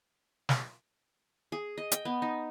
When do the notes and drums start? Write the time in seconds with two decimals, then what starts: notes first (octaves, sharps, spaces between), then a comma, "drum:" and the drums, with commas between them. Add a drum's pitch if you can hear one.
0.49 drum: snare
1.52 G#4
1.78 D#5
1.92 G5, drum: hi-hat
2.05 B3
2.22 D#4